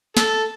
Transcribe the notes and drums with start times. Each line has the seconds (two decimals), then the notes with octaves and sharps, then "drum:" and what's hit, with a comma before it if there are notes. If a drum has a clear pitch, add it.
0.17 A4, drum: snare